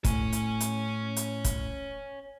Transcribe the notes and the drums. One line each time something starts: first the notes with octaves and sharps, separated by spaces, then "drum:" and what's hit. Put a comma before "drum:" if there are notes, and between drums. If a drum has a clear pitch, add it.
A2 C#5 G#5, drum: kick, hi-hat
drum: hi-hat
drum: hi-hat
drum: hi-hat
drum: kick, hi-hat